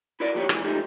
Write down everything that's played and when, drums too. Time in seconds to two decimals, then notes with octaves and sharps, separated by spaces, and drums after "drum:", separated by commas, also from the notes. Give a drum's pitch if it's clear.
0.20 E4 F#4 A#4 D5
0.35 F3 A#3 F#4 G4 C#5
0.49 A#2 C#3 E3 G#3, drum: rim click
0.64 F3 G#3 A3 D#4 G4